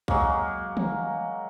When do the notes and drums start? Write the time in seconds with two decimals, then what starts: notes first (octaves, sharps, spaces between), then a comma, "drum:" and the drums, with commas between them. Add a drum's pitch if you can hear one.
0.08 F#3 G#3 A#3, drum: kick
0.77 drum: tom